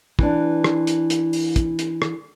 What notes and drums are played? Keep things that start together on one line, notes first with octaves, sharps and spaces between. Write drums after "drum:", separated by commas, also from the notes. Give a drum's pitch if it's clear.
E3 D4, drum: kick
drum: rim click
drum: hi-hat
drum: hi-hat
drum: open hi-hat
drum: kick, hi-hat
drum: hi-hat
drum: rim click